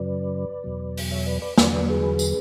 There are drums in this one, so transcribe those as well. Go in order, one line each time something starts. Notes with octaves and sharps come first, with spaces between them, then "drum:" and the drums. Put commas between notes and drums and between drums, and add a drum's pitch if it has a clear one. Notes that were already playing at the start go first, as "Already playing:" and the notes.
Already playing: F#2 C#3 F#3 B4 D5
E2 B2 F#3
drum: open hi-hat
C#5 E5
B4 D5
B4 D5
E2 D3 F#3 B4 D5, drum: snare
B4 D5
G#4 B4
drum: tambourine